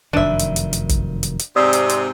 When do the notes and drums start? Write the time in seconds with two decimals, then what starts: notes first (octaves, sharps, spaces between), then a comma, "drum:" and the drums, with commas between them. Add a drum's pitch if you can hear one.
0.13 F1 F#2 D#3 D4 E5
0.39 drum: hi-hat
0.56 drum: hi-hat
0.73 drum: hi-hat
0.89 drum: kick, hi-hat
1.23 drum: hi-hat
1.39 drum: hi-hat
1.56 G#2 C3 C4 D5 D#6 E6
1.73 drum: hi-hat
1.89 drum: hi-hat